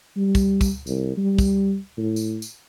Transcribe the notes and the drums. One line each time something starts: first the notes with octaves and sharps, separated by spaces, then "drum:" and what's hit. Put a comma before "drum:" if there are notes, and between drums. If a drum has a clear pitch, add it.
G3
drum: kick, tambourine
drum: kick, tambourine
C2, drum: tambourine
G3
drum: kick, tambourine
A2
drum: tambourine
drum: tambourine